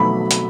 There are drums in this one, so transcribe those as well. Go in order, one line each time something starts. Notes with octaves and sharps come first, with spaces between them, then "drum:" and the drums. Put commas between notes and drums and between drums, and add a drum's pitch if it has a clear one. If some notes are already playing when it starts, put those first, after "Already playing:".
Already playing: B2 F#3 A3 B5
drum: hi-hat